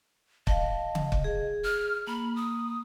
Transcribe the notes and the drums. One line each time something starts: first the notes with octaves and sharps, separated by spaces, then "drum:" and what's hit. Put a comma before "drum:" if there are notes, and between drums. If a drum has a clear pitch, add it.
D#5 F5 A5, drum: kick
drum: tom C#3
drum: kick
G#4
F6
A#3 B5
D#6